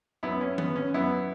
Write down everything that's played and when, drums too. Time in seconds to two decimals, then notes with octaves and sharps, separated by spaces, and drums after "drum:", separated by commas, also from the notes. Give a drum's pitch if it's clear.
0.23 F#2 F#3 B3 E4
0.41 C#4
0.58 B3, drum: tom D#3
0.76 C#4
0.94 F#2 F#3 B3 E4